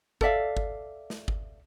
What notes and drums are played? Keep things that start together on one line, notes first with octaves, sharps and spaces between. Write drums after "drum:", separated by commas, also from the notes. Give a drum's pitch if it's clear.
A4 D5 E5 F5, drum: kick G1
drum: kick G1
drum: snare
drum: kick G1